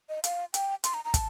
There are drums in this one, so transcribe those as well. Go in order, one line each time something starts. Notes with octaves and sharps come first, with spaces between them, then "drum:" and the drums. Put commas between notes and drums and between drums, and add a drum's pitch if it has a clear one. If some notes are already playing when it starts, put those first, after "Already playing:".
D#5
F5, drum: hi-hat
G5, drum: hi-hat
C6, drum: hi-hat
A#5
A#5
A5, drum: kick, hi-hat